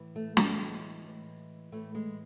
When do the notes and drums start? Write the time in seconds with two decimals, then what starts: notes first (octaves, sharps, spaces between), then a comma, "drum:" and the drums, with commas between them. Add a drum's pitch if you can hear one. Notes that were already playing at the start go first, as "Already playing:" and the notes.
Already playing: A2 E3
0.16 A3
0.37 A2 E3 G#3, drum: snare
1.04 A2 E3
1.72 A2 E3 A3
1.95 G#3